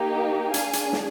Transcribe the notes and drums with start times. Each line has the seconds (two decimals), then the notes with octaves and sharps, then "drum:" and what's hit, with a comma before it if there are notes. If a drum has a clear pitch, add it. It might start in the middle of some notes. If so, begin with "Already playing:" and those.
Already playing: A#3 D#4 G4
0.54 D4 G#4 F5 G#5, drum: hi-hat
0.73 drum: hi-hat
0.93 drum: snare